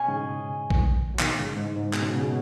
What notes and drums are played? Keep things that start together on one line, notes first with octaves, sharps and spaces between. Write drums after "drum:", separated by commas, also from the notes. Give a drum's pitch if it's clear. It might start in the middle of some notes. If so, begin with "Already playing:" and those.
Already playing: B2 C#4 G#4 D#5 G#5
G#2 C#3
drum: kick A#1
F#3
B2 D#3, drum: clap
G#2 C#3
G#2
G#2
B2, drum: clap
C#3
B2
C#3
B2